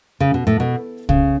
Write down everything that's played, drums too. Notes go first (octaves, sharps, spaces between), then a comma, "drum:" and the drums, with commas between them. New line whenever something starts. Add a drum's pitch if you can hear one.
C#3
B2
A2
B2
C#3, drum: kick